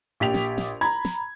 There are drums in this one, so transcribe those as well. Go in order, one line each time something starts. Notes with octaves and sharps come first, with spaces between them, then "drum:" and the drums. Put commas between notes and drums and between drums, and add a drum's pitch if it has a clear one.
A#1 G4 B6 F7
drum: snare
drum: snare
A#5 B5 G#6
drum: snare